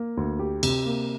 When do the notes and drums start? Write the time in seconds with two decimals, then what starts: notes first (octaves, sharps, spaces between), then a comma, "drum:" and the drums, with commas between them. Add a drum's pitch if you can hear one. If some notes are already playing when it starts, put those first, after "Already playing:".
Already playing: A#3
0.17 D2
0.39 G4
0.63 C3, drum: cymbal
0.86 A#3